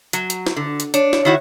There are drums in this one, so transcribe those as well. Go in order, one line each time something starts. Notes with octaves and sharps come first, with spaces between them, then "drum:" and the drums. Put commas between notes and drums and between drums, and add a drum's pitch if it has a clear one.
F#3, drum: hi-hat
drum: hi-hat
drum: snare
D3
drum: hi-hat
D4 C#5, drum: hi-hat
drum: snare
D#3 E4 F#4